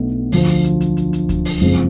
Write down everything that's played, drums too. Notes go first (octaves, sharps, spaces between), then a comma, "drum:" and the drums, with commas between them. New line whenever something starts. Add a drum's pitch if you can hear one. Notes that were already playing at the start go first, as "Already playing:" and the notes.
Already playing: B1 B2 A3 D4
D2 D3 F3, drum: open hi-hat
drum: hi-hat
drum: hi-hat
drum: hi-hat
drum: hi-hat
drum: hi-hat
drum: kick C#2, hi-hat
drum: open hi-hat
F#1 F2 F3 G#3